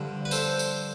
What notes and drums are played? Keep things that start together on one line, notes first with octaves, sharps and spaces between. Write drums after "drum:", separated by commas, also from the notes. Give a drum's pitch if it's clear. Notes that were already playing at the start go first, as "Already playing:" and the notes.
Already playing: G2 D3 F3
B4
A4 C5, drum: tambourine
drum: tambourine